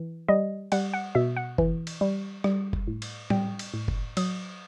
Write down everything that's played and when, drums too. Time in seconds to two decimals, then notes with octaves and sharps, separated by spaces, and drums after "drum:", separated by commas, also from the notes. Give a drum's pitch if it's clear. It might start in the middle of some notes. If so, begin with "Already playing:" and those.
Already playing: E3
0.29 G3 D#5
0.72 G3 F#5, drum: cymbal
0.93 F#5
1.15 B2 E5
1.37 F#5
1.58 E3, drum: kick
1.87 drum: cymbal
2.01 G3
2.44 G3, drum: rim click
2.73 drum: kick
2.87 A2
3.02 drum: cymbal
3.30 G3 G5, drum: tom A2
3.59 drum: cymbal
3.74 A2
3.88 drum: kick
4.17 F#3 D#6, drum: cymbal